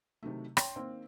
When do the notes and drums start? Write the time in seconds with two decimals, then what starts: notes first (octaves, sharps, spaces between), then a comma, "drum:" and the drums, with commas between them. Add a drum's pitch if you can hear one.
0.23 C3 D#3 F#3 A3
0.57 C#5 G5 C6, drum: rim click
0.76 D#3 A#3 C4